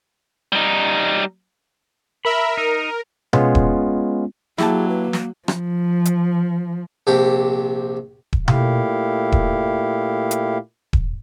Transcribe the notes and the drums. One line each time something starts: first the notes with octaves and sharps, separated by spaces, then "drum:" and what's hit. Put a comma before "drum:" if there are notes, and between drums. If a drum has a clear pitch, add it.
G3 D#4
A#4 E5 B5
D#4 A#4
G#3 B3 C#4 F4, drum: tom B2
drum: kick D#1
F#3 A#3 E4 G4 G#4 A5, drum: snare
B4
drum: snare
F3, drum: rim click
drum: hi-hat
A#1 C3 G4
drum: kick D#1
A#2 A3 E4 G4 F5, drum: tom B2
drum: kick D#1
drum: hi-hat
drum: kick D#1